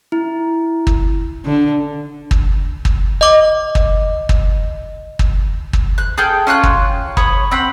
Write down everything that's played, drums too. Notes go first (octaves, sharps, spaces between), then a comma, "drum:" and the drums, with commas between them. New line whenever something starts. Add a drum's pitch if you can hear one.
E4
drum: kick
D3
drum: kick
drum: kick
D#5 D6
drum: kick
drum: kick
drum: kick
drum: kick
F#6
G#4 A4 G5 F6
C#4 F4 G#5 F#6
drum: kick
C#5 B5 D#6, drum: kick
C4 F#5 B5